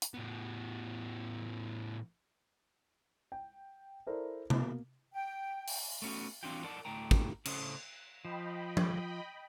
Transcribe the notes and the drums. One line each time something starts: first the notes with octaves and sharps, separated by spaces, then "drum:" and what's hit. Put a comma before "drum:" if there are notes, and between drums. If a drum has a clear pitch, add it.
drum: hi-hat
A2 B3
G5
E4 A4 A#4 C5 D5
B2 A#3, drum: tom C3
G5
drum: open hi-hat
A3 B3 C#4 F#4
E3 C4 D4 F4 F#4 G5
A#4 D5 F#5 A5
D2 A2 D4 G5 A#5
drum: kick
A2 C#3 C#4 A4 C5 D#5, drum: cymbal
F3 D#5 G5 B5
drum: tom F3